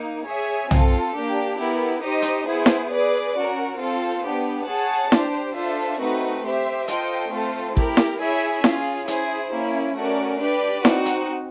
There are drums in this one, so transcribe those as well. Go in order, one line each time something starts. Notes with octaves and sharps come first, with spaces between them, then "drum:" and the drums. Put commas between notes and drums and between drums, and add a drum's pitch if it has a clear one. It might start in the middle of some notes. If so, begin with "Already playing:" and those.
Already playing: A#3 D#4
G#4 C#5 E5 G#5
C4 F4 A4, drum: tom B1
A#3 D4 G4
B3 E4 G4 A#4
D#4 G4 C5 D#5
drum: hi-hat
B3 E4 G#4 C5
drum: snare E4
G#4 B4 D5
C#4 F#4 A#4
C4 F4 A4 C5
B3 D4 G4
G#4 C#5 F#5 A5
D4 G4 C5, drum: snare E4
D4 F4 A4 C5 E5
A3 C4 D#4 F#4 B4
G4 C5 E5
F4 A4 C5 D#5 G5, drum: hi-hat
A3 C4 F4 A4 C5
E4 G4 A#4, drum: kick
drum: snare E4
E4 G#4 C#5 E5 G#5
C#4 F4 G#4, drum: snare E4
E4 G#4 C5, drum: hi-hat
A#3 C#4 E4
A3 C#4 F#4 A#4 D5
D4 G4 B4 D5
C4 D#4 F#4, drum: snare E4
drum: hi-hat